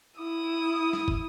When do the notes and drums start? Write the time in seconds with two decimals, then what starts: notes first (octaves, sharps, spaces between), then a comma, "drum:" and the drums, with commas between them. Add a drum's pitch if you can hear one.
0.19 E4 D#6
0.93 drum: snare
1.08 drum: kick